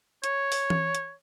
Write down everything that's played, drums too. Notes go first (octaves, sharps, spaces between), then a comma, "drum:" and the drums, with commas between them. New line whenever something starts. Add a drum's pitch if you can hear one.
C#5, drum: hi-hat
drum: open hi-hat
drum: tom E3
drum: hi-hat